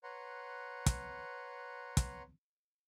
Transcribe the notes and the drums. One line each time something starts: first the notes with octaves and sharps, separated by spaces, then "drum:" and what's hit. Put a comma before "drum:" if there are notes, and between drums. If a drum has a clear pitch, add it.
B4 C#5 F#5 A#5 C6
drum: kick, hi-hat
drum: kick, hi-hat